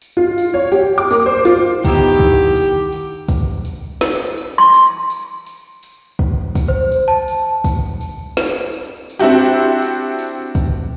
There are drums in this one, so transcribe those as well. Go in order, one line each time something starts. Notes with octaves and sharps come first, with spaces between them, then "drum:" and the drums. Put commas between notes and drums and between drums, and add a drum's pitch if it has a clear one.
drum: tambourine
F4
drum: tambourine
C#5
G4, drum: tambourine
D6
A#3, drum: tambourine
C5
F4, drum: tambourine
D#3 B3 E4 G4, drum: kick, tambourine
drum: kick
drum: tambourine
drum: tambourine
drum: kick, tambourine
drum: tambourine
drum: snare
drum: tambourine
C6
drum: tambourine
drum: tambourine
drum: tambourine
drum: tambourine
drum: kick
drum: kick, tambourine
C5
drum: tambourine
A5
drum: tambourine
drum: kick, tambourine
drum: tambourine
drum: snare
drum: tambourine
drum: tambourine
C4 D4 E4 F#4 G4
drum: tambourine
drum: tambourine
drum: kick, tambourine